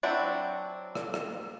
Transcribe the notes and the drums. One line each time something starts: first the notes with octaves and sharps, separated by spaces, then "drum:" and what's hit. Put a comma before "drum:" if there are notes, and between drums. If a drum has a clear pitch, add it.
F#3 C4 D4 E4 F#4
drum: rim click
drum: rim click